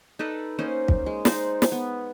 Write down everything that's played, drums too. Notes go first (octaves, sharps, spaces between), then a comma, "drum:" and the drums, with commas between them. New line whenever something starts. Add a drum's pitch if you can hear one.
D#4 A4 B4 D5
A#3 C#4 D#4 C5
drum: kick
G#3
D#4 C5 D5, drum: snare
drum: snare
B3